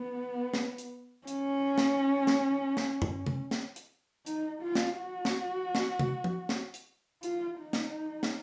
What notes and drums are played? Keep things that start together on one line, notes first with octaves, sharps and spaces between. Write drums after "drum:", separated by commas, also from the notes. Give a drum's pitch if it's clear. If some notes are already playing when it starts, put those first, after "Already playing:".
Already playing: B3
drum: snare
drum: hi-hat
C#4, drum: hi-hat
drum: snare
drum: snare
drum: snare
drum: tom F#2
drum: tom C3
drum: snare
drum: hi-hat
D#4, drum: hi-hat
F4
drum: snare
F#4
drum: snare
drum: snare
drum: tom C3
drum: tom
drum: snare
drum: hi-hat
F4, drum: hi-hat
D#4
drum: snare
drum: snare